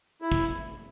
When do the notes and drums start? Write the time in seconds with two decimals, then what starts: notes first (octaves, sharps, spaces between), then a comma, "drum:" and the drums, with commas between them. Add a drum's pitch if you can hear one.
0.22 E4
0.32 drum: kick